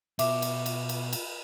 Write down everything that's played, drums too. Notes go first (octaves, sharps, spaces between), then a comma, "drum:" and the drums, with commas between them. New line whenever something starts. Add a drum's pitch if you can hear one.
B2 E5 D6, drum: cymbal
drum: cymbal
drum: cymbal
drum: cymbal
drum: cymbal